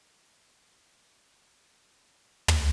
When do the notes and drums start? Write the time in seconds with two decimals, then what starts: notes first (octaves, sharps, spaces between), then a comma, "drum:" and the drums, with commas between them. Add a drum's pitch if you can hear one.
2.14 A#1 E3 G3 F4 E5 F6
2.48 drum: tom